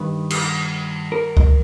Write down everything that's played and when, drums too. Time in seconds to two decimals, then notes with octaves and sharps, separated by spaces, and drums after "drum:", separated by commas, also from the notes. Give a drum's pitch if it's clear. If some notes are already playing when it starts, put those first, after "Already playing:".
Already playing: G2 D#3 B4
0.30 drum: cymbal
1.12 A#4
1.37 drum: kick C#2